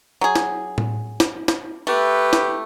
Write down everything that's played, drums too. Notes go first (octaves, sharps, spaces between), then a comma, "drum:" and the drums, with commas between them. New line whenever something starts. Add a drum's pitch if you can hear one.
F#3 G#4
drum: snare
drum: tom A2
drum: snare
drum: snare
A3 G4 B4
drum: snare